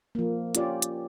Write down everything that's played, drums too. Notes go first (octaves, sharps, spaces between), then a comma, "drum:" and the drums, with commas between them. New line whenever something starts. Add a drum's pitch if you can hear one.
F3 A#3
C#4 F4 G4 D5, drum: hi-hat
drum: hi-hat